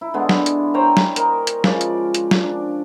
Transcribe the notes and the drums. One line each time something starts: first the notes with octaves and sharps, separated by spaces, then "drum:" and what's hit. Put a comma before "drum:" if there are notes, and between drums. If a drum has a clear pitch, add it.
E4
D3 G#3 B3
drum: snare
drum: hi-hat
C5 C#5 G5 A#5
drum: snare
A#4 D#5, drum: hi-hat
drum: hi-hat
C#3 F3 G#3 D5, drum: snare
drum: hi-hat
drum: hi-hat
drum: snare
D4